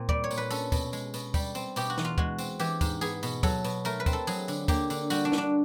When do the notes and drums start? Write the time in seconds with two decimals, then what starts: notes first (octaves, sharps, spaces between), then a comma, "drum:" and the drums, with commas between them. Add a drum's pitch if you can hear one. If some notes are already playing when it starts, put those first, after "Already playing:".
Already playing: A#2 C4
0.09 G3 D5, drum: kick
0.24 C#5
0.31 A#2, drum: tambourine
0.37 B4
0.50 C#4 A4, drum: tambourine
0.72 B2, drum: kick, tambourine
0.93 G#3, drum: tambourine
1.14 B2, drum: tambourine
1.34 G3, drum: kick, tambourine
1.55 C4, drum: tambourine
1.76 B2 G4, drum: tambourine
1.90 F#4
1.98 E2, drum: snare
2.05 F4
2.18 G#3 F#4, drum: kick
2.38 C4, drum: tambourine
2.59 E3 G4, drum: tambourine
2.81 G#2, drum: kick, tambourine
3.01 B3 G#4, drum: tambourine
3.23 B2, drum: tambourine
3.43 F#3 A4, drum: kick, tambourine
3.64 B2, drum: tambourine
3.85 A3 A#4, drum: tambourine
4.00 B4
4.06 C4, drum: kick, tambourine
4.13 A4
4.27 F#3 G#4, drum: tambourine
4.48 D3, drum: tambourine
4.68 A#3 G4, drum: kick, tambourine
4.90 D3, drum: tambourine
5.10 G3 F#4, drum: tambourine
5.25 D4
5.32 D3, drum: snare
5.38 D4